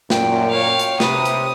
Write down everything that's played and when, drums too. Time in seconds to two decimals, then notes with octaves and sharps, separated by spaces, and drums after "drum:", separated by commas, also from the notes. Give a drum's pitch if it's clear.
0.10 F#2 A#2 G5, drum: snare
0.50 C#5 F5
0.79 drum: hi-hat
1.00 C3 B4 D#6, drum: snare
1.25 drum: hi-hat